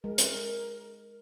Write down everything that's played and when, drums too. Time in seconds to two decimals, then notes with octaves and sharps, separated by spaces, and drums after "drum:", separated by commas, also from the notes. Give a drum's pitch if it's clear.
0.04 G#3 A#4
0.18 drum: hi-hat